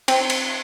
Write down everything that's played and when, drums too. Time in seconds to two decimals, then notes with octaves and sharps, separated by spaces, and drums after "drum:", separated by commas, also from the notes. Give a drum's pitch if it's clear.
0.08 C4, drum: cymbal
0.30 drum: cymbal